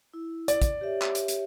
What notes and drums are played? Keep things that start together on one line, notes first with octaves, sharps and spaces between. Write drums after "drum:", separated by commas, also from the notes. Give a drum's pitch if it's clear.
E4
D5, drum: hi-hat
drum: kick, hi-hat
G4 C#5 E5
drum: clap
drum: hi-hat
drum: hi-hat